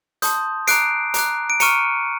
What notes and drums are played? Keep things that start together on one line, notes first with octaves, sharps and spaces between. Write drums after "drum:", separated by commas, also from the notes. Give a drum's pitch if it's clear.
A5 C6 D#6 G6, drum: hi-hat
A#5 D6 F#6 C7 D7, drum: hi-hat
A#5 D6 F#6, drum: hi-hat
D7
A#5 C#6 F6 C#7 D#7, drum: hi-hat